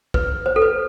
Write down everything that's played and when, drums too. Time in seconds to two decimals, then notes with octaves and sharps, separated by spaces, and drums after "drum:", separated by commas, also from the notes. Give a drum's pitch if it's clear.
0.14 B4, drum: kick
0.46 C5
0.56 A4
0.62 B4